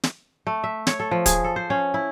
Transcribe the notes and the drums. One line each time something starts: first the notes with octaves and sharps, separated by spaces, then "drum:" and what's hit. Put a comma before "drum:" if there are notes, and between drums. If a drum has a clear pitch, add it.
drum: snare
A3
E5
C#5, drum: snare
A4
F3
G#4, drum: kick, hi-hat
A4
C5
C#4
E4